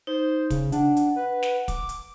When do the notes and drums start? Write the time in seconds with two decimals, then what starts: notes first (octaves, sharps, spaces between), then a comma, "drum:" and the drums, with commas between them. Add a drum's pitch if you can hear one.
0.07 D#4 C5
0.50 C#3, drum: kick, hi-hat
0.72 D4 F#5, drum: hi-hat
0.97 drum: hi-hat
1.16 B4
1.43 drum: snare
1.68 D6, drum: kick, hi-hat
1.89 drum: hi-hat